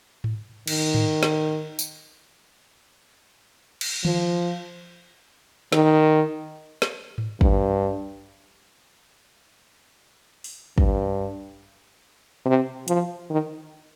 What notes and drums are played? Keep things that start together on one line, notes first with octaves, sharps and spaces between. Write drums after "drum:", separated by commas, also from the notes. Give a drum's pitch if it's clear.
drum: tom G#2
D#3, drum: cymbal
drum: tom G#2
drum: snare
drum: tambourine
drum: cymbal
F3, drum: tom D#3
D#3, drum: snare
drum: snare
drum: tom G#2
G2, drum: kick
drum: open hi-hat
G2, drum: kick
C3
F3, drum: hi-hat
D#3